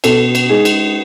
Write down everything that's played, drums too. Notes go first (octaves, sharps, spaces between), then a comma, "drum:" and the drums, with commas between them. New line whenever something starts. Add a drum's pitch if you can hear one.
B2 A4, drum: cymbal
drum: cymbal
G#3 D#4 G#4
drum: cymbal